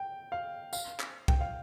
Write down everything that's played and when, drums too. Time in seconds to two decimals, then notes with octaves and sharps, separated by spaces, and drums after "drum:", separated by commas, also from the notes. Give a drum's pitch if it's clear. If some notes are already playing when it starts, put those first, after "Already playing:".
Already playing: G5
0.32 F5
0.73 F5, drum: tambourine
1.00 drum: clap
1.28 G5, drum: kick C2
1.41 F5